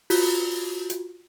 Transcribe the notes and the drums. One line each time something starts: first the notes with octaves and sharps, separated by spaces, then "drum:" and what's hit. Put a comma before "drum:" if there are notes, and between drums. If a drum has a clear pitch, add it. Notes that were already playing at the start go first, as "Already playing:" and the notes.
F4 F#4, drum: open hi-hat
drum: hi-hat